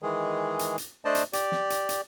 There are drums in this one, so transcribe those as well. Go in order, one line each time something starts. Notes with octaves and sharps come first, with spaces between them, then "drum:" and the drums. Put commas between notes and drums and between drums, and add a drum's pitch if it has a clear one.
D#3 E3 G#3 G#4
drum: hi-hat
drum: hi-hat
A3 D4 C5 D5 D#5 A5
drum: hi-hat
G4 D5, drum: hi-hat
drum: snare
drum: hi-hat
drum: hi-hat